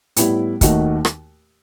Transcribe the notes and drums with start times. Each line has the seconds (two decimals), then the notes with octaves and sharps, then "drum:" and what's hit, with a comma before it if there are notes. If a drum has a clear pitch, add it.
0.16 A2 G3 B3 E4, drum: hi-hat
0.61 D#2 D#3 A3 D#4 F#4, drum: kick, hi-hat
1.05 drum: rim click